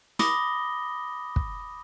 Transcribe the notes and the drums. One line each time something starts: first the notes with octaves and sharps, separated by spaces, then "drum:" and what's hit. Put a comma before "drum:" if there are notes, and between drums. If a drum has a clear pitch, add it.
B5 D6 D#6 A#6 G7, drum: snare
drum: kick